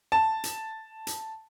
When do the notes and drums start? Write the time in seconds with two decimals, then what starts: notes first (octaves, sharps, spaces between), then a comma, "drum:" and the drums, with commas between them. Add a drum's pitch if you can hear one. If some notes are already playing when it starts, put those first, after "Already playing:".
0.12 A5
0.44 drum: hi-hat
1.07 drum: hi-hat